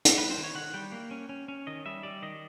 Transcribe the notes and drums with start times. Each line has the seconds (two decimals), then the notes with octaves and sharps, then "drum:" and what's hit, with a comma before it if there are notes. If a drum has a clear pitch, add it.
0.05 drum: hi-hat
0.18 G3 B4
0.30 C5
0.37 D#3
0.44 C#5
0.55 D#3 F#5
0.74 G3 G5
0.92 A#3
1.11 C#4
1.29 C#4
1.48 C#4
1.67 D#3 D#5
1.86 G3 E5
2.03 G3 D5
2.22 D#3 D#5